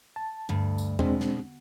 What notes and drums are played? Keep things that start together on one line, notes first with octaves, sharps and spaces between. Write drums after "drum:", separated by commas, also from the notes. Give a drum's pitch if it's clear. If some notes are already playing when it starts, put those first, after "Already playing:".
A5
D2 G2
drum: tambourine
B2 G#3 C4 D4, drum: tom E2
drum: snare